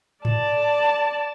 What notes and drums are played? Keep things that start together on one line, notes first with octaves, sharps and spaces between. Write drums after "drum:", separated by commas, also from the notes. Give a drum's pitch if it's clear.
D5 A5, drum: tom G#2